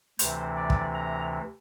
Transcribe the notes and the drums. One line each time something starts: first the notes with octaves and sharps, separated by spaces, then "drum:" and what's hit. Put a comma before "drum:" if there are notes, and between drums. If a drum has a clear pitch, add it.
D2 C3 E3 C5, drum: hi-hat
D5
drum: kick
A#5